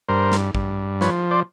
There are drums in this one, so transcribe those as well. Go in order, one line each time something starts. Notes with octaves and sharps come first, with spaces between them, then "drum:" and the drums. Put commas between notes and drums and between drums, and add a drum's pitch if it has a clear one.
G2 A#4 C5
drum: snare
G2, drum: kick
F3 B4 C#5, drum: snare
C5 D5